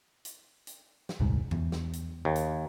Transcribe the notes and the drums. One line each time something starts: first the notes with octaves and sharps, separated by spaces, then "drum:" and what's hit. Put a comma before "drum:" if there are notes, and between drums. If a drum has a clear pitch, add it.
drum: hi-hat
drum: hi-hat
drum: snare
D#1 C2 G#2
E2, drum: tom F2
drum: snare
drum: hi-hat
D#2
drum: hi-hat